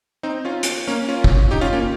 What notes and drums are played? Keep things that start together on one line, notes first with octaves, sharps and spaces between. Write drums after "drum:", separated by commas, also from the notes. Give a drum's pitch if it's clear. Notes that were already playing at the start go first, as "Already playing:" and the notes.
C4 D#4
C#4 F4
drum: hi-hat
A#3 C#4
C#4 F4
drum: kick
D#4 G4
C#4 F4
A#3 C#4